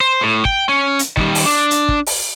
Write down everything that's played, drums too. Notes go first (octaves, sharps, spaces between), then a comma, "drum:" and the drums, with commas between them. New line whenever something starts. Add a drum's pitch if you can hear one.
C5
A2
G5, drum: kick
C#4
drum: hi-hat
D#3 G3, drum: kick
drum: open hi-hat
D4
drum: hi-hat
drum: kick
drum: open hi-hat